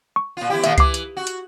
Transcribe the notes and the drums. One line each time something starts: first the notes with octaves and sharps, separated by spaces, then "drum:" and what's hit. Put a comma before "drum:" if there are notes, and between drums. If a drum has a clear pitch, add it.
C#6
A#2 F4
E2 E4 G4
A#2 D#3 A3 E5, drum: hi-hat
E3 D6 C7, drum: kick C#2, hi-hat
drum: hi-hat
F#4
drum: hi-hat